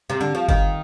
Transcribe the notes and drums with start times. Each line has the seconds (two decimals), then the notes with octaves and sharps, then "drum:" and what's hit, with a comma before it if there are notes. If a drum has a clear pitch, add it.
0.10 C3
0.21 D3
0.35 F3
0.49 D#3, drum: kick G1